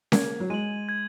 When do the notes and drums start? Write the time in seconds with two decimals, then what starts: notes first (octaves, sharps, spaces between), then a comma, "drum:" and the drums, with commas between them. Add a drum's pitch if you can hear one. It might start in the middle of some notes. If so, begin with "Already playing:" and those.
0.12 A#3 G#6, drum: snare C#4
0.40 F#3
0.50 G#3 D#7 F#7
0.89 G#6